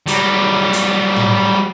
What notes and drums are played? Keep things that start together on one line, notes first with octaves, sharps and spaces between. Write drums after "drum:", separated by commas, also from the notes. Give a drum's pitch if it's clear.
F#3 G3, drum: hi-hat
drum: hi-hat
drum: tom A2